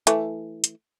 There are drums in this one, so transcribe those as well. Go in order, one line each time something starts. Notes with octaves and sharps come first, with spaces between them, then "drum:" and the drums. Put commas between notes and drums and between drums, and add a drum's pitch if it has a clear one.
E3 A3, drum: hi-hat
drum: hi-hat